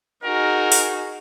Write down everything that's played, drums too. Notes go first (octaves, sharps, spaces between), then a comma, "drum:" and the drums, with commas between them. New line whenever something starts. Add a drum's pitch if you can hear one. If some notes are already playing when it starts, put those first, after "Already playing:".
D#4 F#4 G#4 A#4
drum: open hi-hat